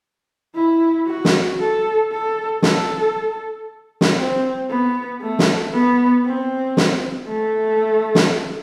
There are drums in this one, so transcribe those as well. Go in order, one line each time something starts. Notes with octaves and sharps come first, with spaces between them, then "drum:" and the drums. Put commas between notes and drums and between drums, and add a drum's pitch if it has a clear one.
E4
F#4
drum: snare
A4
A4
A4, drum: snare
drum: snare
C4
B3
A3
drum: snare
B3
C4
drum: snare
A3
drum: snare